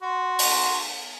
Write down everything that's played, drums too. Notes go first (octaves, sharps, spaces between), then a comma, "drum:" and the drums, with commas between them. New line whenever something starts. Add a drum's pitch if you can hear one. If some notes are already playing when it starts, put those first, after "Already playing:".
F#4 C6
drum: open hi-hat